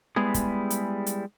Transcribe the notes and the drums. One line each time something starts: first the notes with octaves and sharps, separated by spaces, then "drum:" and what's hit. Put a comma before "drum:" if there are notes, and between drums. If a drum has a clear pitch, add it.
G3 G#3 B3 E4 G#4
drum: kick, hi-hat
drum: hi-hat
drum: hi-hat